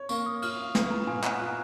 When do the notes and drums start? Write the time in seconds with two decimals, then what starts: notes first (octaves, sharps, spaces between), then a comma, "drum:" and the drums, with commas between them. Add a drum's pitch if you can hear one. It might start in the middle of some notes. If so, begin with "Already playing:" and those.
Already playing: C#5
0.09 A#3 C#6, drum: tambourine
0.26 D#6
0.42 F4 F6, drum: cymbal
0.58 D#6
0.75 B3, drum: snare
0.91 A#5
1.07 A#2 G#5
1.24 A#5, drum: clap
1.39 F4 F#6